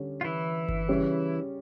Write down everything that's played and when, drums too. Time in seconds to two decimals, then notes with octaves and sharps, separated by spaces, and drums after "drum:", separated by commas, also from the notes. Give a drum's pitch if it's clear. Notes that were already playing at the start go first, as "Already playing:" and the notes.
Already playing: D3 G3 C#4
0.21 F4
0.24 E3 E4
0.69 drum: kick G1
0.89 C#3 G3 C#4